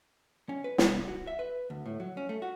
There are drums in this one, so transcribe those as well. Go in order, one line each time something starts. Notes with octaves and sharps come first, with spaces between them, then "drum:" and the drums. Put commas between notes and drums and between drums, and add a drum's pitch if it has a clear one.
C#4
B4
C2, drum: snare
F#4
E5
B4
D2
A2
F#3
C#4
A3
F#4